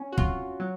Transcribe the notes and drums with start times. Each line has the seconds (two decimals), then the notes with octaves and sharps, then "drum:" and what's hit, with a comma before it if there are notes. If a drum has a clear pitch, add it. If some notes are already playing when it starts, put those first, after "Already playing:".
Already playing: C#4
0.12 F#4
0.18 F4, drum: kick
0.60 F#3